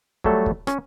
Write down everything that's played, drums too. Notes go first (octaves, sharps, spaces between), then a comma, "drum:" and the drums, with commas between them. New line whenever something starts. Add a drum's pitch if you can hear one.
F#3 G3 A3 A4, drum: kick
drum: kick
C#4, drum: rim click